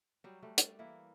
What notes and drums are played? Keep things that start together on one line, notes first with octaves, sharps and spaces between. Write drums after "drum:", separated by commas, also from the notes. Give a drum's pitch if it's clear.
F#3 G3
G3 A3 F#4
D5, drum: hi-hat
E3 A#3 E4